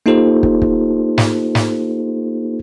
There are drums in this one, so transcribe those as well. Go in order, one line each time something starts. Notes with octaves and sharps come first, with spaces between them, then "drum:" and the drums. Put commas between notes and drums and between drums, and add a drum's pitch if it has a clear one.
A#3 D#4 F4 G4 A4 C5
drum: kick
drum: kick
drum: snare
drum: snare